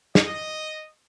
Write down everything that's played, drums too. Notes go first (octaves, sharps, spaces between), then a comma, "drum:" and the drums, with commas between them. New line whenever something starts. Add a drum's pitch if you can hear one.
D#5, drum: snare